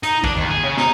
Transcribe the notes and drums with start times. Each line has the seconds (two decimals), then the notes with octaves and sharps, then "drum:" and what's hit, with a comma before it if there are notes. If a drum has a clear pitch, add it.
0.03 D#4, drum: hi-hat
0.24 D4, drum: kick
0.36 D#2
0.50 G#4
0.63 C#3
0.77 D#4, drum: snare